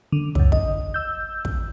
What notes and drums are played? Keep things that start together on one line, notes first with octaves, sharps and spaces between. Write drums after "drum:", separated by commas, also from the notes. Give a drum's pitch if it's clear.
D3
C#2 F#2, drum: kick
D#5, drum: kick
E6 G6
drum: kick